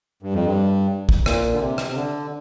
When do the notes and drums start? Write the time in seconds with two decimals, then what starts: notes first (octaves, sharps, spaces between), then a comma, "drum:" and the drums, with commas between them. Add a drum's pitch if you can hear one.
0.23 G2
0.33 F2
0.45 G2
1.09 drum: kick
1.26 A#2, drum: rim click
1.53 D3
1.61 C3
1.78 drum: rim click
1.90 C3
1.95 D3